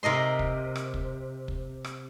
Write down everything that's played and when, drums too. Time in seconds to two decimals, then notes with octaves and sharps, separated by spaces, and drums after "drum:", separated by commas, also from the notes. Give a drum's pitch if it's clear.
0.03 C3 A#4 D#5 C6
0.39 drum: kick
0.76 drum: rim click
0.94 drum: kick
1.48 drum: kick
1.84 drum: rim click